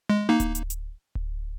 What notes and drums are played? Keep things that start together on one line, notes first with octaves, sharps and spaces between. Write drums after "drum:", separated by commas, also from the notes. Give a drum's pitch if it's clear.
G#3
A#3 D#4
drum: kick D1, hi-hat
drum: hi-hat
drum: hi-hat
drum: kick D1